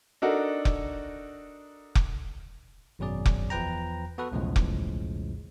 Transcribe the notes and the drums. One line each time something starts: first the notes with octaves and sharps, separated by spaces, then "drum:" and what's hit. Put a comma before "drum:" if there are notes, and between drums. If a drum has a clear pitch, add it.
D4 D#4 F#4 A4 A#4 F#5
drum: kick F1
drum: kick F1
G#1 F#2 B2 F#3 G#4 D5
drum: kick F1
E2 F3 B4 G5 A#5
B3 F#4 A4 B4
B1 E2 A2 C#3 F3 G#3
drum: kick F1